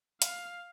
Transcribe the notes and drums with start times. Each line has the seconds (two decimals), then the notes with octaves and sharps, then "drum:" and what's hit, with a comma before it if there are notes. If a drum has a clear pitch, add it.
0.22 F5, drum: hi-hat